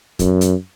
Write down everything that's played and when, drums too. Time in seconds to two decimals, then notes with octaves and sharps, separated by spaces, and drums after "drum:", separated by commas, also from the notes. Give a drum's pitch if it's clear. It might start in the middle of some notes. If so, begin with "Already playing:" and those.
0.19 F#2, drum: kick, hi-hat
0.41 drum: hi-hat